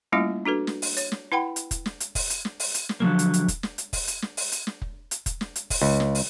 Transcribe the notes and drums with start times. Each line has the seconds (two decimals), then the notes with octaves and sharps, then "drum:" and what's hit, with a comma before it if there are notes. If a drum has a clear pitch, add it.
0.12 G3 A3 A#3 C#4 E4 F4
0.45 D4 F#4 A4 B4
0.67 drum: snare
0.82 drum: open hi-hat
0.97 C#5, drum: hi-hat
1.12 drum: snare
1.32 E4 B4 F#5 G5 B5
1.56 drum: hi-hat
1.71 drum: kick, hi-hat
1.86 drum: snare
2.00 drum: hi-hat
2.15 drum: kick, open hi-hat
2.30 drum: hi-hat
2.45 drum: snare
2.60 drum: open hi-hat
2.74 drum: hi-hat
2.89 drum: snare
3.00 D3 F3 F#3 A#3
3.19 drum: hi-hat
3.34 drum: hi-hat
3.48 drum: kick, hi-hat
3.63 drum: snare
3.78 drum: hi-hat
3.93 drum: kick, open hi-hat
4.08 drum: hi-hat
4.22 drum: snare
4.37 drum: open hi-hat
4.52 drum: hi-hat
4.67 drum: snare
4.82 drum: kick
5.11 drum: hi-hat
5.26 drum: kick, hi-hat
5.41 drum: snare
5.56 drum: hi-hat
5.70 drum: kick, open hi-hat
5.82 C#2
6.00 drum: snare
6.15 drum: open hi-hat